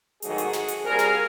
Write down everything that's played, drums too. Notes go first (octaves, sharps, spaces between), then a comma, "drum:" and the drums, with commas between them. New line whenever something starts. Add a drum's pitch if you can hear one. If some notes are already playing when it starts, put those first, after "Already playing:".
G#2 D#3 F#3 A3 F#4 G#4, drum: hi-hat
drum: hi-hat
drum: snare
drum: hi-hat
A#2 G3 C4 G#4 A#4
drum: snare